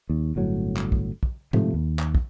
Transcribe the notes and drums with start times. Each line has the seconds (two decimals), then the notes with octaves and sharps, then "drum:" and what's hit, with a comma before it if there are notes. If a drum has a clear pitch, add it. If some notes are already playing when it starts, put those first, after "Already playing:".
0.10 D#2
0.36 G1 A2 F#3
0.77 drum: clap
0.92 drum: kick
1.23 drum: kick
1.53 G#2 C3 F3 A3, drum: tom A2
1.74 D#2
1.99 drum: clap
2.15 drum: kick